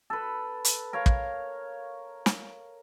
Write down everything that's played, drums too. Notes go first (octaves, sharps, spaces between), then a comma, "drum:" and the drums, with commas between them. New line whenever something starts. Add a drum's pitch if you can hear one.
A4 B4
drum: hi-hat
A#4 C#5 F5
drum: kick
drum: snare